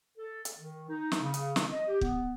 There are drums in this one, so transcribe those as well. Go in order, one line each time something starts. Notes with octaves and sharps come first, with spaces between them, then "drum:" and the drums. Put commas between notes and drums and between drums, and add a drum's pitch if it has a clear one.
A4
drum: hi-hat
D#3
D#4
drum: snare
C#3
drum: hi-hat
drum: snare
D#5
G4
B3, drum: kick